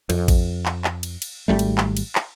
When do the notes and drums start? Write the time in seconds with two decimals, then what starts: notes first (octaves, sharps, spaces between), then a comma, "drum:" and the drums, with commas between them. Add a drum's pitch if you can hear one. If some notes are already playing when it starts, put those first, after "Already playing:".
0.10 F2, drum: cymbal
0.28 drum: kick A1, cymbal
0.66 drum: clap
0.84 drum: clap
1.03 drum: cymbal
1.22 drum: cymbal
1.48 G#1 D#2 G3 A3
1.59 drum: cymbal
1.78 drum: clap
1.97 drum: cymbal
2.15 drum: clap